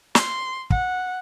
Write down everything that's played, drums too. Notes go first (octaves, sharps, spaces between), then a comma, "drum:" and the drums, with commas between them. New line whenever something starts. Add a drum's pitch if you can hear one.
C6, drum: snare
F#5, drum: kick